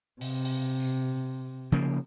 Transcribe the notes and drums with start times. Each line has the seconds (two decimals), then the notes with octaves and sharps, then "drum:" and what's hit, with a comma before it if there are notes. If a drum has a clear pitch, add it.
0.21 C3, drum: open hi-hat
0.45 drum: open hi-hat
0.80 drum: tambourine
1.72 C#3 F3 A#3